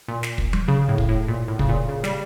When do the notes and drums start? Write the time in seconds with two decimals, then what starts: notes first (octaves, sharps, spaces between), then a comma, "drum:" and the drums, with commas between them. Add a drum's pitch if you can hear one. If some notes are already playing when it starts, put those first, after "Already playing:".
0.08 A#2
0.23 drum: snare
0.38 drum: kick
0.53 drum: tom F#3
0.68 C#3
0.88 A2
0.98 drum: kick
1.09 A2
1.29 A#2
1.48 A2
1.59 C#3, drum: kick
1.69 A#2
1.89 C#3
2.04 G3, drum: snare